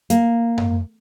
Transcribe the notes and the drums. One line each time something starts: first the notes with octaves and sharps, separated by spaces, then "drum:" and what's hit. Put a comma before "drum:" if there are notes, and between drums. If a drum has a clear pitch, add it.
A#3, drum: hi-hat
drum: tom F#2